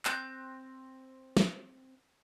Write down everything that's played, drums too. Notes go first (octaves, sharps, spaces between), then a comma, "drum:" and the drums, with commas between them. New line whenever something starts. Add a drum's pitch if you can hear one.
C4 F#6 G6, drum: clap
drum: snare